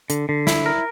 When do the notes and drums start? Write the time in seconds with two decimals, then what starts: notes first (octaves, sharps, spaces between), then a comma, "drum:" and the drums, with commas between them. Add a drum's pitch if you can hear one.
0.10 D3, drum: hi-hat
0.29 D3
0.47 E4, drum: snare
0.66 A#4